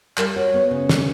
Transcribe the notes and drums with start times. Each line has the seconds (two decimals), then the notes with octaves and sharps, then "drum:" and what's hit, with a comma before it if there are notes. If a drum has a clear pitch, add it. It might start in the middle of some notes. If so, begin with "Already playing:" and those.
0.18 G3 A#4, drum: clap
0.36 F#4 C#5
0.54 B3
0.71 C#3
0.89 G3, drum: snare